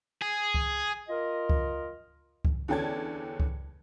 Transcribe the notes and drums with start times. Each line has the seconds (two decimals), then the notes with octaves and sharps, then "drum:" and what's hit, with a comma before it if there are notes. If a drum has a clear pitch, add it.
0.22 G#4
0.54 drum: kick C#2
1.08 F4 A#4 D#5
1.49 drum: kick C#2
2.45 drum: kick C#2
2.68 E2 D3 C#4 G5 A5 G#6
3.40 drum: kick C#2